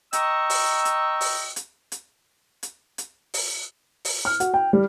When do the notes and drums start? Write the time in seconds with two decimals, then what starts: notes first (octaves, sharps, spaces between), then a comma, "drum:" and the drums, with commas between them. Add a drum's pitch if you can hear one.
0.13 D#5 G5 A#5 C#6 E6, drum: hi-hat
0.50 drum: open hi-hat
0.85 drum: hi-hat
1.21 drum: open hi-hat
1.56 drum: hi-hat
1.92 drum: hi-hat
2.63 drum: hi-hat
2.98 drum: hi-hat
3.34 drum: open hi-hat
4.05 drum: open hi-hat
4.25 F6
4.40 F#4, drum: hi-hat
4.54 G5
4.73 G3